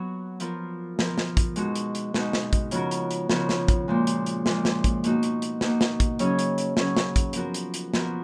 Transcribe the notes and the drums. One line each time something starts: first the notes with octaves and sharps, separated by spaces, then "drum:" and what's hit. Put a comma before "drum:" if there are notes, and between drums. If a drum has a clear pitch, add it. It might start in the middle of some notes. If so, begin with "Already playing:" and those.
Already playing: F#3 B3 F#4
F3 B3 F4 A#4, drum: hi-hat
F3 B3 F4 A#4, drum: snare
drum: snare
drum: kick, hi-hat
B2 G#3 D#4 F#4, drum: hi-hat
drum: hi-hat
drum: hi-hat
B2 G#3 D#4 F#4, drum: snare
drum: snare
drum: kick, hi-hat
C#3 F3 B3 F#4 A#4, drum: hi-hat
drum: hi-hat
drum: hi-hat
C#3 F3 B3 F#4 A#4, drum: snare
drum: snare
drum: kick, hi-hat
A#2 F3 G#3
drum: hi-hat
drum: hi-hat
A#2 F3 G#3, drum: snare
drum: snare
drum: kick, hi-hat
B2 A#3 D#4 F#4, drum: hi-hat
drum: hi-hat
drum: hi-hat
B2 A#3 D#4 F#4, drum: snare
drum: snare
drum: kick, hi-hat
C#3 F#3 C#4 G#4, drum: hi-hat
drum: hi-hat
drum: hi-hat
C#3 F#3 C#4 G#4, drum: snare
drum: snare
drum: kick, hi-hat
F3 B3 F#4 A#4, drum: hi-hat
drum: hi-hat
drum: hi-hat
F3 B3 F#4 A#4, drum: snare